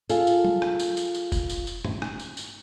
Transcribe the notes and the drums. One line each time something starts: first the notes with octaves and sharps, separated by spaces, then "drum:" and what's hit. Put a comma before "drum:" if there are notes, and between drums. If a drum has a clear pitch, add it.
F4 G#4 A4, drum: tambourine
drum: tambourine
drum: tom F#3
drum: rim click
drum: tambourine
drum: tambourine
drum: tambourine
drum: kick F1, tambourine
drum: tambourine
drum: tambourine
drum: tom G2
drum: rim click
drum: tambourine
drum: tambourine